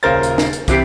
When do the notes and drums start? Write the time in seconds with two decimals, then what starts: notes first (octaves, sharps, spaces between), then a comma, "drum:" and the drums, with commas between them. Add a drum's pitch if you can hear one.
0.03 D#1 C#3 F4 A#4 C5 A6
0.23 drum: hi-hat
0.38 drum: snare
0.53 drum: hi-hat
0.68 C3 E3 C4 G4 C7 D7, drum: kick, hi-hat